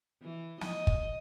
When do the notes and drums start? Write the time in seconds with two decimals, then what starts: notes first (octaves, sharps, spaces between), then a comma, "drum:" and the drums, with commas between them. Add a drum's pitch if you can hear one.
0.22 E3
0.61 D#5, drum: snare
0.87 drum: kick